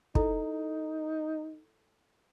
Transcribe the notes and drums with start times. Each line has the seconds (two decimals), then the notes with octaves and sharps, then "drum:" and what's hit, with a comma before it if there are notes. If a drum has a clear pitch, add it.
0.15 D#4 E4 A4, drum: kick